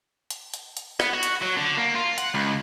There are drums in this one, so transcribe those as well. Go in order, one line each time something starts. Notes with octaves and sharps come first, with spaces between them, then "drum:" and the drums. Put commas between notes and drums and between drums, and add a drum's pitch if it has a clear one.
drum: hi-hat
drum: hi-hat
drum: hi-hat
B3, drum: rim click
F#4
drum: hi-hat
F#3
D3
A#3
F4
F#5, drum: hi-hat
C#2